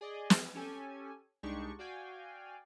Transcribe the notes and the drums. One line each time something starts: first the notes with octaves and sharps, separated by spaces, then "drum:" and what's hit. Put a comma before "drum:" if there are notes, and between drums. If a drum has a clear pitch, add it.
G#4 D5 D#5
drum: snare
C#4 G4 A4 G#5
C2 G#3 D4 D#4 G4 C#6
F#4 D5 F5 G5 G#5